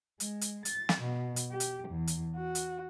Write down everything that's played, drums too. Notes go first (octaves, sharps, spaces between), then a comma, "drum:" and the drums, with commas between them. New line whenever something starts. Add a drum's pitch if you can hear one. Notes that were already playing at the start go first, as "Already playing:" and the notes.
G#3, drum: hi-hat
drum: hi-hat
A6, drum: hi-hat
drum: snare
B2
drum: hi-hat
G4
drum: hi-hat
E2
drum: hi-hat
F#4
drum: hi-hat